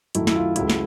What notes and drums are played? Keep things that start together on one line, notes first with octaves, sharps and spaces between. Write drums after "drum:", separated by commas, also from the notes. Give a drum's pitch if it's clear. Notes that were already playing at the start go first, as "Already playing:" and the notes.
F#2 D#3 F#3 A3 E4, drum: hi-hat
E4, drum: snare
F4
C#2 C#3 F#3 A3 E4, drum: hi-hat
drum: snare